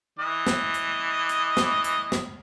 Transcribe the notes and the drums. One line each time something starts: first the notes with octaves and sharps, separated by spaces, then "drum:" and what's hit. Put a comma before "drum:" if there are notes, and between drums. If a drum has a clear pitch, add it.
E3 D#5
drum: snare
drum: hi-hat
drum: hi-hat
drum: snare
drum: hi-hat
drum: snare